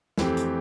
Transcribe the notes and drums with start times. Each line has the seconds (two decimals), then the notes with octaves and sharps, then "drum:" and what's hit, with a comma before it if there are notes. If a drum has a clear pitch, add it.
0.18 F2 E3 A3 C4 G4, drum: snare
0.37 drum: hi-hat